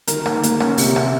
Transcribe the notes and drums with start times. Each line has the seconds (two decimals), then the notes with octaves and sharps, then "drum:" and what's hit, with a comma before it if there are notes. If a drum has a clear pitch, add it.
0.07 D#3 A#4, drum: hi-hat
0.26 A#3, drum: rim click
0.43 A#3, drum: hi-hat
0.60 C#4, drum: rim click
0.78 C3, drum: open hi-hat
0.96 C3, drum: rim click